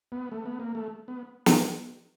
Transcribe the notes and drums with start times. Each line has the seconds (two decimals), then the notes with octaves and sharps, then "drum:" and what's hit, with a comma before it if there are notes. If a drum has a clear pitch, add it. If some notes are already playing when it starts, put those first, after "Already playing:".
0.12 B3
0.32 A3
0.46 B3
0.60 A#3
0.75 A3
1.08 B3
1.46 drum: snare